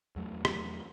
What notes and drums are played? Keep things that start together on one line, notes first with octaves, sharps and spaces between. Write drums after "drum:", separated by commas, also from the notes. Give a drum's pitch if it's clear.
E2 F#3 A3
drum: rim click